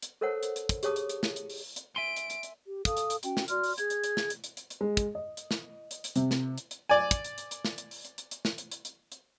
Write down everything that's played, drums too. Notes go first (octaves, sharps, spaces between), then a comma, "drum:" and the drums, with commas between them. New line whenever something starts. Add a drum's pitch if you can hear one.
drum: hi-hat
A4 A#4 C5 C#5 F#5 A5
drum: hi-hat
drum: hi-hat
drum: kick, hi-hat
G4 G#4 C#5 A5 D#6, drum: hi-hat
drum: hi-hat
drum: hi-hat
drum: snare
drum: hi-hat
drum: open hi-hat
drum: hi-hat
E5 G#5 C6 D7
drum: hi-hat
drum: hi-hat
drum: hi-hat
G4
A4 F5 D#6, drum: kick, hi-hat
drum: hi-hat
drum: hi-hat
C#4 F#4 G5, drum: hi-hat
drum: snare
F#4 D5 C6 F6, drum: hi-hat
drum: open hi-hat
G#4 G#6, drum: hi-hat
drum: hi-hat
drum: hi-hat
drum: snare
drum: hi-hat
drum: hi-hat
drum: hi-hat
drum: hi-hat
G#3
drum: kick, hi-hat
D#5
drum: hi-hat
drum: snare
drum: hi-hat
drum: hi-hat
C3, drum: hi-hat
drum: snare
drum: hi-hat
drum: hi-hat
D5 G#5
drum: kick, hi-hat
drum: hi-hat
drum: hi-hat
drum: hi-hat
drum: snare
drum: hi-hat
drum: open hi-hat
drum: hi-hat
drum: hi-hat
drum: hi-hat
drum: snare
drum: hi-hat
drum: hi-hat
drum: hi-hat
drum: hi-hat